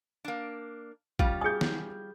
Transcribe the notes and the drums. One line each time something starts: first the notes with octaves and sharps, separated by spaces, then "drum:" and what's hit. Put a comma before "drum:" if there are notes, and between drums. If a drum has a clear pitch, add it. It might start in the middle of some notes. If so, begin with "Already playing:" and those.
A#3 D4
G3 C#4 F4, drum: kick
G#4 G#5 D#6 G6
drum: snare